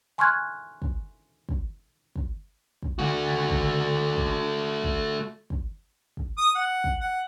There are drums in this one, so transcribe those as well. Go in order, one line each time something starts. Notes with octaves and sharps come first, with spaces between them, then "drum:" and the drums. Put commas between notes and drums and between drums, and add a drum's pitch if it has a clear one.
G#5 C6 C#6 F6 F#6 G#6
drum: kick
drum: kick
drum: kick
drum: kick
A3 F#4
drum: kick
drum: kick
drum: kick
drum: kick
drum: kick
D#6
F#5
drum: kick
F#5